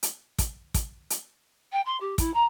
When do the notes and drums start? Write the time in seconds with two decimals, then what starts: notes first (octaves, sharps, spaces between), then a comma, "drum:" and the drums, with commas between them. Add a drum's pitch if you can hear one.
0.03 drum: hi-hat
0.39 drum: kick, hi-hat
0.74 drum: kick, hi-hat
1.10 drum: hi-hat
1.72 G5
1.85 C6
2.00 G4
2.18 E4, drum: kick, hi-hat
2.33 A#5